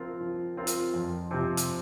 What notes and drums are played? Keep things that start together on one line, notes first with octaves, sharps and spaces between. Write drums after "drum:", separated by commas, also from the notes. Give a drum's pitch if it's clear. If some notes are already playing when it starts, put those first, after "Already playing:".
Already playing: F3 C4 F4 A#4
F3
C4 F4 A#4
drum: hi-hat
F2
C3 F3 C4
drum: hi-hat